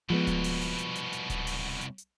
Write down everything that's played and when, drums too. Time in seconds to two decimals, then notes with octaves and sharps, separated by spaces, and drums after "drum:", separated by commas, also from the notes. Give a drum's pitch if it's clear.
0.10 C2 B2 F3 G#3 B3
0.27 drum: kick D1, hi-hat
0.44 drum: open hi-hat
0.61 drum: hi-hat
0.78 drum: hi-hat
0.95 drum: hi-hat
1.13 drum: hi-hat
1.30 drum: kick D1, hi-hat
1.47 drum: open hi-hat
1.81 drum: hi-hat
1.98 drum: hi-hat